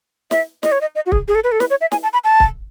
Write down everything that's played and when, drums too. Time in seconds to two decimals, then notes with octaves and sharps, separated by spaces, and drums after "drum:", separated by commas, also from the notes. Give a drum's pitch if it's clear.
0.31 E5, drum: snare
0.63 D#5, drum: snare
0.72 C#5
0.81 D#5
0.95 D#5
1.06 F#4
1.12 G#4, drum: kick C#1
1.28 G#4
1.35 A4
1.44 B4
1.52 A4
1.60 B4, drum: snare
1.70 C#5
1.81 E5
1.92 G#5, drum: snare
2.03 A5
2.13 B5
2.24 A5
2.40 drum: kick C#1